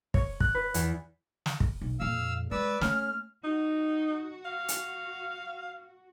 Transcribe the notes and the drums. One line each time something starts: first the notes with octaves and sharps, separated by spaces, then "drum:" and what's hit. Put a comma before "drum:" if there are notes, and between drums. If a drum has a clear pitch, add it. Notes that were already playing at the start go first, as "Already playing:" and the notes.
C#5, drum: kick
F#6, drum: kick
B4
E2, drum: hi-hat
drum: snare
drum: kick
B1
F2 A#2 F5 E6
G#3 B4 D5 E6
A3 C#4 F6, drum: snare
D#4 F#4
F5
drum: hi-hat